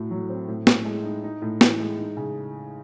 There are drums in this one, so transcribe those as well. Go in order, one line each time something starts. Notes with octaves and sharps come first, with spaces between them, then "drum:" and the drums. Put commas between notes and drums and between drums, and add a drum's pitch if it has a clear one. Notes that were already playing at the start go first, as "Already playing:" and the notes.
Already playing: A2 A3 F#4
F#3
C4
A2
A2, drum: snare
G#3
D#4
D#4
A2
E3, drum: snare
G#3
D#4
C#3